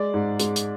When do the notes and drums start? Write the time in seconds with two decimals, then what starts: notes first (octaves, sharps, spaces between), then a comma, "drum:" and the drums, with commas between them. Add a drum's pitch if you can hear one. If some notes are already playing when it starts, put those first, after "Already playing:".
Already playing: G#3 D5
0.14 G#2
0.40 G#3, drum: hi-hat
0.56 drum: hi-hat